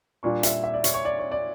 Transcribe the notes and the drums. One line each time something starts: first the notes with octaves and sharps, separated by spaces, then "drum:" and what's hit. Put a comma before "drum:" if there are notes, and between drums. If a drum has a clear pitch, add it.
A#2 G3 D4 F4 C#6
E5, drum: hi-hat
E5
D5
C#5, drum: hi-hat
C#5
D5
C#5
D5